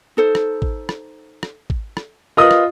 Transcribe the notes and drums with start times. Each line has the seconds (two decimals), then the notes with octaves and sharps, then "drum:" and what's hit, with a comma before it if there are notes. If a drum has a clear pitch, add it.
0.17 D#4 A4 C5
0.35 drum: rim click
0.62 drum: kick G#1
0.89 drum: rim click
1.43 drum: rim click
1.70 drum: kick G#1
1.97 drum: rim click
2.37 F4 A#4 B4 D#5 D#6
2.51 drum: rim click